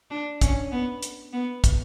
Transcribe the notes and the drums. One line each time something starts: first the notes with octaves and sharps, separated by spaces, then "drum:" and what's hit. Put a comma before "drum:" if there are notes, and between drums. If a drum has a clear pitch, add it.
D4
C#4, drum: kick, hi-hat
B3
drum: hi-hat
B3
drum: kick, hi-hat